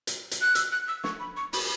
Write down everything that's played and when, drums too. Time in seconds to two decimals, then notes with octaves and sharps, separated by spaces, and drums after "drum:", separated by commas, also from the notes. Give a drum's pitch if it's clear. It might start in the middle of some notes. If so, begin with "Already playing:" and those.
0.07 drum: hi-hat
0.31 drum: hi-hat
0.41 F#6
0.55 E6, drum: hi-hat
0.72 F#6
0.88 E6
1.04 C#6, drum: snare
1.20 B5
1.37 C#6
1.53 B5, drum: open hi-hat